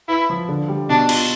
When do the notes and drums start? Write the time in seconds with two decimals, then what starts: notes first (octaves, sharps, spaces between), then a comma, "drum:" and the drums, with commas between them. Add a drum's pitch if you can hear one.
0.08 E4 B4
0.30 F3
0.49 D3
0.68 G3
0.89 B2 D4
1.09 F4, drum: cymbal